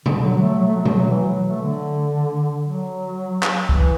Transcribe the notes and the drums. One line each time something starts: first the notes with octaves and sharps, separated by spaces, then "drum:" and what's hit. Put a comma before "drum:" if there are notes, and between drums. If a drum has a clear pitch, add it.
D3, drum: tom B2
F#3
F#3
A3
F#3
A3
F#3
A3, drum: tom B2
F#3
E3
F#3
A3
D3
F#3
drum: clap
E3, drum: kick